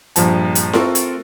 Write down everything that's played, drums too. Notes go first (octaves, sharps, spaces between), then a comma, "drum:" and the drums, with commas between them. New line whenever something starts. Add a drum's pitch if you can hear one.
A#1 G2 F3 A5, drum: hi-hat
drum: hi-hat
A3 C4 F4 F#4 A4 A#4, drum: snare E4
drum: hi-hat